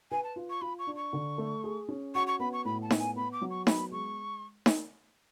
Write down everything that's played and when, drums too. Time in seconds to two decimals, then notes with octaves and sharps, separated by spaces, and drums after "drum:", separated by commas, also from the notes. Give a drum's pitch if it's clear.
0.11 B4 G#5
0.24 A5
0.36 F4
0.50 C#6
0.61 F4 B5
0.79 C#6
0.87 D4
0.95 C#6
1.13 D3
1.38 A3
1.64 G#4
1.88 C#4
2.14 F#4 C#6
2.27 C#6
2.39 B3 B5
2.53 C#6
2.65 A2 B5
2.82 A5
2.90 B3, drum: snare D#4
2.99 G#5
3.16 B3 B5
3.32 D6
3.42 F#3
3.50 C#6
3.67 B3 B5, drum: snare D#4
3.92 G#3 C#6
4.66 drum: snare D#4